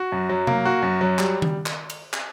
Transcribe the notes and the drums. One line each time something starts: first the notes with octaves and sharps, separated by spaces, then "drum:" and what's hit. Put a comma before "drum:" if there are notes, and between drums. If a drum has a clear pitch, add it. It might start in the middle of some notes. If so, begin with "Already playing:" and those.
Already playing: F#4
F#2
F#3
A#3, drum: tom C3
F#4
F#2
F#3
G3, drum: clap
drum: tom D#3
drum: clap
drum: cymbal
drum: clap